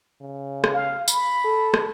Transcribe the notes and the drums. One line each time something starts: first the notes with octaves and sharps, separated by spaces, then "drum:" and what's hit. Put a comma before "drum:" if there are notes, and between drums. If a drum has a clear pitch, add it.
C#3
drum: rim click
F5
B5, drum: tambourine
A4
drum: rim click